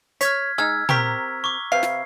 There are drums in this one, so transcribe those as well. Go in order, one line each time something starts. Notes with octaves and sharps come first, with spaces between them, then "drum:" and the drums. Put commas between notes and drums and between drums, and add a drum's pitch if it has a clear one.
C#5 F6 G#6 B6, drum: hi-hat
G#3 D#4 E6 F6 G#6
C4 G4 A#4 A#5 C#6 B6, drum: tom A#2
C#6 D6
C3 B4 F5 C7
drum: snare